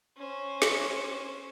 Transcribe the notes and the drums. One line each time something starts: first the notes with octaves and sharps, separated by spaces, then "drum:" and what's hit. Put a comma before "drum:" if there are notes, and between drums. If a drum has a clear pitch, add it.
C#4 C5
drum: snare